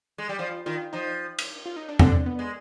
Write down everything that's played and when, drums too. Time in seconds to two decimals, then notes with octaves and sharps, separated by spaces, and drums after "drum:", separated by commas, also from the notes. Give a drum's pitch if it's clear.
0.18 G#3
0.29 G3 G4
0.39 F3 F4
0.66 D#3 F4
0.93 F3 D#4
1.39 drum: cymbal
1.66 F4
1.76 D#4
1.88 D4
1.99 D3 C4, drum: tom E2
2.26 B3
2.39 G#3